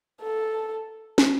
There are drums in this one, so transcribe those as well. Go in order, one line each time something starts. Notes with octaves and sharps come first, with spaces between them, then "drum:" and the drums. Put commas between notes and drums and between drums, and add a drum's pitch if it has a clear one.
A4
drum: snare